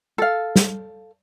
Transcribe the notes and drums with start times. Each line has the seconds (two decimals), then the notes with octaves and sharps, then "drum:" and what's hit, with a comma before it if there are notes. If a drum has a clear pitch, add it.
0.18 A4 F5
0.56 drum: snare